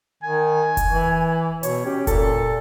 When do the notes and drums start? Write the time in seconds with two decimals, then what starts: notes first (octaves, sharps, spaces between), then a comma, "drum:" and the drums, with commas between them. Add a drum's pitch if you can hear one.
0.23 D#3 G#5
0.77 drum: kick F1, hi-hat
0.91 E3
1.63 B2 C#5, drum: hi-hat
1.85 C#4 G4
2.07 A#2 A4, drum: kick F1, hi-hat